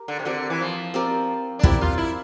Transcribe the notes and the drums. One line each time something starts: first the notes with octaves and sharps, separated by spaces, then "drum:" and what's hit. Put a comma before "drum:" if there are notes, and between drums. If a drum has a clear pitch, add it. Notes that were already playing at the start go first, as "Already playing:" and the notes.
Already playing: G4 A#4
D3
C3
D3 C4 G4 A#4 D5
E3
F3
C4 G4 A#4 D5
D4
C4 E4 G4 A#4 D5, drum: kick
F4
E4